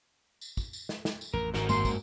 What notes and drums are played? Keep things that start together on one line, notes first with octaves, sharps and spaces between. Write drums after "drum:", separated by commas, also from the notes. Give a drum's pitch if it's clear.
drum: tambourine
drum: kick, tambourine
drum: tambourine
drum: snare
drum: snare
drum: tambourine
A1 F2 A#4
G#1 G#2 F#4 A#4, drum: snare
F#2 G#3 A#3 C6, drum: tambourine
drum: kick, tambourine